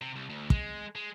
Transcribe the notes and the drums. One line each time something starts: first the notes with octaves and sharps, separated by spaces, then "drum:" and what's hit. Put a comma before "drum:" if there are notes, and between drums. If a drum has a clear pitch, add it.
C3
C2
D2
G#3, drum: kick
G#3